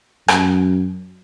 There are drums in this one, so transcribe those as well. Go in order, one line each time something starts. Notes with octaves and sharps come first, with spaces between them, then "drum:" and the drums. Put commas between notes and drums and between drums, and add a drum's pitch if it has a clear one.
F#2, drum: rim click